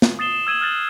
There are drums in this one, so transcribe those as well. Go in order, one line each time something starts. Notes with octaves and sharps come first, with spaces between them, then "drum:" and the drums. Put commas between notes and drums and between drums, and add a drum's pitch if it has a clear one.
drum: snare
D#6 A6 C7 E7 G7
E7
E6 G#6 D#7 E7 F#7
F6 F#6 A6 F#7